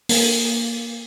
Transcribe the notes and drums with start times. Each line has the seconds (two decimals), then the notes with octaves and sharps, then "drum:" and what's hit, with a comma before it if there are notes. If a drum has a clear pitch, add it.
0.09 A#3, drum: open hi-hat